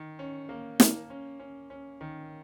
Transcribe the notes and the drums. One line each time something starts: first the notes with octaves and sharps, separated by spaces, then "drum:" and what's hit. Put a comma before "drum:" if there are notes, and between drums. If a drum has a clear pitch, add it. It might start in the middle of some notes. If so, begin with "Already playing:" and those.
Already playing: D#3
C#4
A#3
A#3, drum: snare
C#4
C#4
C#4
D#3